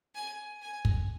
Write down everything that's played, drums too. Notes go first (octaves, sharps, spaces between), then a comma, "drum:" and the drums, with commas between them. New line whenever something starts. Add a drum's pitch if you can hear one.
G#5
G#5
drum: kick